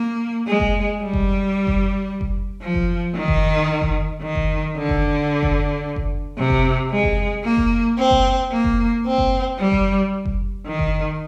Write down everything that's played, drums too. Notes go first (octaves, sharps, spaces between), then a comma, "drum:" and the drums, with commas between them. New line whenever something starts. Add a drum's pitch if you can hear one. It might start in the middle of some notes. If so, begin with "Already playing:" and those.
Already playing: A#3
G#3
drum: kick F#1
G3
drum: kick F#1
drum: kick F#1
drum: kick F#1
F3
drum: kick F#1
D#3
drum: kick F#1
drum: kick F#1
D#3
drum: kick F#1
D3
drum: kick F#1
drum: kick F#1
drum: kick F#1
C3
drum: kick F#1
G#3
drum: kick F#1
A#3
drum: kick F#1
C4
drum: kick F#1
A#3
drum: kick F#1
C4
drum: kick F#1
G3
drum: kick F#1
drum: kick F#1
D#3
drum: kick F#1